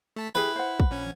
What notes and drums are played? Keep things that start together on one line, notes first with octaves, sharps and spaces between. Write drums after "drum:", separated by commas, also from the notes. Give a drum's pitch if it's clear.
A3 A5 B6
E4 G4 G#4 B4
C5 F#5
drum: kick
A#1 C#4 G#6